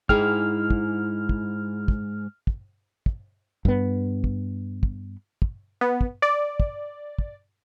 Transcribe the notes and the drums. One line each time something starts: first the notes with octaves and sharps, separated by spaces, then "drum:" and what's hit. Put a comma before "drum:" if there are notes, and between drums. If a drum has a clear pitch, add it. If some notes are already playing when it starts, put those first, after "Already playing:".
G#2 E4 G#4 G5 F6, drum: kick
drum: kick
drum: kick
drum: kick
drum: kick
drum: kick
G2 B3, drum: kick
drum: kick
drum: kick
drum: kick
B3
drum: kick
D5
drum: kick
drum: kick